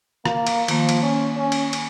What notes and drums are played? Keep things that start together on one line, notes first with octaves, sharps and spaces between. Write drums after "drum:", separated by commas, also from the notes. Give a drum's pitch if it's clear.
A#3, drum: rim click
drum: cymbal
D#3 F3 A#3, drum: cymbal
drum: cymbal
C#4
C#4
drum: cymbal
drum: cymbal